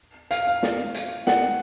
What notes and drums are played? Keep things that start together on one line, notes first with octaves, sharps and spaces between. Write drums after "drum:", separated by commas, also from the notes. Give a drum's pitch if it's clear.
F5, drum: hi-hat
F5
drum: snare
drum: hi-hat
F#5, drum: snare